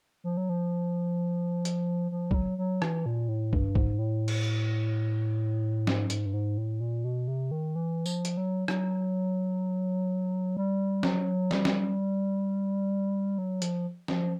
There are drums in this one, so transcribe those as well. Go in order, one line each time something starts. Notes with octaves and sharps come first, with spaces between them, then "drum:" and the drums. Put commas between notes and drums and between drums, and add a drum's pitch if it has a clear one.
F3
F#3
F3
drum: hi-hat
F3
G3, drum: kick
F#3
F#3
E3, drum: rim click
A#2
A2
G2, drum: kick
G#2, drum: kick
A2
drum: cymbal
G#2, drum: snare
G#2, drum: hi-hat
G2
G#2
A2
A#2
B2
C3
D#3
E3
F3, drum: tambourine
drum: hi-hat
F#3
F#3, drum: rim click
G3
F#3, drum: snare
G3, drum: snare
drum: snare
F#3
F3, drum: hi-hat
F3, drum: snare